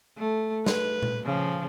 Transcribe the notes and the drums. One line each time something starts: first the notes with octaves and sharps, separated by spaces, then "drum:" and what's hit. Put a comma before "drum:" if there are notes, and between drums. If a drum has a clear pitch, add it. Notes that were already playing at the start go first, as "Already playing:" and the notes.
A3
B4, drum: snare
drum: tom A#2
C#3 F3